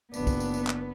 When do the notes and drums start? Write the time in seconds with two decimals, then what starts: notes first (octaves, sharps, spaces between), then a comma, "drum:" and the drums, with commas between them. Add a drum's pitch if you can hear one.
0.14 F#1 B3 D4, drum: tambourine
0.27 drum: kick, tambourine
0.40 drum: tambourine
0.54 drum: tambourine
0.67 drum: clap